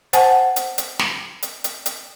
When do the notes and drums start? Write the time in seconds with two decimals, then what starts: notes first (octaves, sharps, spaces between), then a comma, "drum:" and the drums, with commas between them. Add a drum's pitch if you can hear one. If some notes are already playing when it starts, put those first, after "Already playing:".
0.13 C5 F#5 G#5 A5, drum: hi-hat
0.56 drum: hi-hat
0.78 drum: hi-hat
0.99 drum: snare
1.43 drum: hi-hat
1.64 drum: hi-hat
1.86 drum: hi-hat